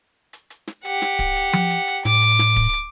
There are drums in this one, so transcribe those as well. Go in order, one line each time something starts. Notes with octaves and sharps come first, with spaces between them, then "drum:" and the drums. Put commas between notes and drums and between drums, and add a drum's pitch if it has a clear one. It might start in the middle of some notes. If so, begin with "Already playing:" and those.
drum: hi-hat
drum: hi-hat
drum: snare
G4 F#5, drum: hi-hat
drum: snare
drum: kick D1, hi-hat
drum: hi-hat
drum: tom F3
drum: hi-hat
drum: hi-hat
A2 D6, drum: snare
drum: hi-hat
drum: snare
drum: kick D1, hi-hat
drum: hi-hat